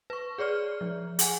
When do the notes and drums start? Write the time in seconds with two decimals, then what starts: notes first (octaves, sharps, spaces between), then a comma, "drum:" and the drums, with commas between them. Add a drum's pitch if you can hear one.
0.10 B4 C#6
0.38 G#4 C#5 D5 F6
0.81 F3
1.19 G#4 F#5 G#5, drum: hi-hat